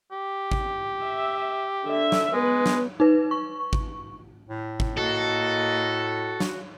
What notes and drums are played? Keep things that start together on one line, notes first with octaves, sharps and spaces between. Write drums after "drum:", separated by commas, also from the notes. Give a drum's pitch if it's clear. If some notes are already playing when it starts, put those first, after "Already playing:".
G4
drum: kick
E5
D3 E5
drum: snare
G#3 B3 B4
drum: snare
D#4 B4
C#6
drum: kick
A2
drum: kick
A#3 F#4 A4 D#5
drum: snare